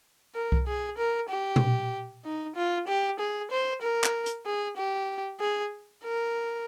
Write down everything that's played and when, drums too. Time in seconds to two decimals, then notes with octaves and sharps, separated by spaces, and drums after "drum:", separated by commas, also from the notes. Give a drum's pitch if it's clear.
0.35 A#4
0.52 drum: kick C2
0.67 G#4
0.98 A#4
1.29 G4
1.56 drum: tom A#2
2.25 D#4
2.56 F4
2.88 G4
3.20 G#4
3.51 C5
3.82 A#4
4.04 drum: clap
4.26 drum: hi-hat
4.46 G#4
4.77 G4
5.40 G#4
6.04 A#4